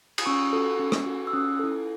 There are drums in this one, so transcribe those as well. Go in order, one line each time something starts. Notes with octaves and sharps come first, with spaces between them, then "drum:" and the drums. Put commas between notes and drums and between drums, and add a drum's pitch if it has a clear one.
D#6, drum: cymbal
C#4 C#6 E6
F#4 A4
C#4
drum: rim click
F#4 A4
E6
C#4 D#6 F#6
E4 A4